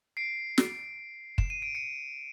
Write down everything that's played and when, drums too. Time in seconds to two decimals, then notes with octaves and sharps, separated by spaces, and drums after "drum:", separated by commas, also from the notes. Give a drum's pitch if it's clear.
0.17 C7 D7
0.58 drum: snare
1.38 E7, drum: kick
1.50 D#7
1.62 D7
1.75 C#7 D#7